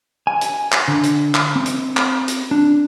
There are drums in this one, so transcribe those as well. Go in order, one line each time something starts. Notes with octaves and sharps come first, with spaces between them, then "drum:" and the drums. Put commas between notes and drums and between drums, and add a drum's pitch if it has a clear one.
G#5
drum: hi-hat
drum: clap
D3
drum: hi-hat
drum: clap
C4
drum: hi-hat
drum: clap
drum: hi-hat
D4